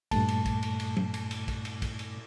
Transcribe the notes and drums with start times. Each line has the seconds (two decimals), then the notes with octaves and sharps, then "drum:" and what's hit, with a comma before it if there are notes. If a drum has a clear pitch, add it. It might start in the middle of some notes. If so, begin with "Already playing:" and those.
0.11 G2 A#2 A3 A5, drum: kick, cymbal
0.28 drum: cymbal
0.45 drum: kick, cymbal
0.63 drum: cymbal
0.80 drum: cymbal
0.97 drum: tom F#3
1.14 drum: cymbal
1.31 drum: cymbal
1.48 drum: kick, cymbal
1.65 drum: cymbal
1.82 drum: kick, cymbal
1.99 drum: cymbal